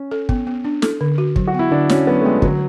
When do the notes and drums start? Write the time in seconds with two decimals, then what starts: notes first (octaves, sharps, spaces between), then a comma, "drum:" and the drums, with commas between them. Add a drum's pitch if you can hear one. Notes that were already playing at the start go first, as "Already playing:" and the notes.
Already playing: C#4
0.11 A4
0.29 B3, drum: kick
0.47 B3
0.65 D4
0.82 A4, drum: snare
1.01 D3
1.18 F#4
1.36 F#3, drum: kick
1.47 F#4
1.54 B3 E4
1.71 D3 D4
1.89 C#4 F#4, drum: snare
2.07 F#3 B3
2.21 A3
2.24 G#3 B3
2.42 D3 F#3, drum: kick